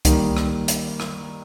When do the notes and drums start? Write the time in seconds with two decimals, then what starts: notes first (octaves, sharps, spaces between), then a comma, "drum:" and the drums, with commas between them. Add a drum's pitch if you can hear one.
0.05 D#3 G3 A#3 D#4, drum: kick C#2, hi-hat
0.37 drum: rim click
0.68 drum: hi-hat
1.00 drum: rim click